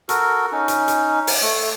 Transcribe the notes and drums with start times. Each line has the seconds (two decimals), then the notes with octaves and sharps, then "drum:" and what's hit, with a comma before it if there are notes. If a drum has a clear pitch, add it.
0.09 F#4 A4 A#4, drum: hi-hat
0.52 C#4 D#4
0.68 drum: hi-hat
0.88 drum: hi-hat
1.27 drum: open hi-hat
1.42 A3